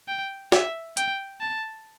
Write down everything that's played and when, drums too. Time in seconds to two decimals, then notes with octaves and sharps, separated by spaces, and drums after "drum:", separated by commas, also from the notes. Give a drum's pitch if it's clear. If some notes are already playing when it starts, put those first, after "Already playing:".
0.08 G5
0.52 E5, drum: snare
0.97 G5, drum: hi-hat
1.41 A5